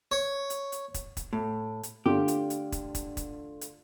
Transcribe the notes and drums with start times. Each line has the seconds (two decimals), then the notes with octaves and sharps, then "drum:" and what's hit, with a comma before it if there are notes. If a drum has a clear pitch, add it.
0.12 C#5
0.50 drum: hi-hat
0.72 drum: hi-hat
0.94 drum: kick, hi-hat
1.17 drum: kick, hi-hat
1.33 A2
1.83 drum: hi-hat
2.06 D3 A3 F4 G4
2.28 drum: hi-hat
2.50 drum: hi-hat
2.72 drum: kick, hi-hat
2.95 drum: kick, hi-hat
3.17 drum: kick, hi-hat
3.61 drum: hi-hat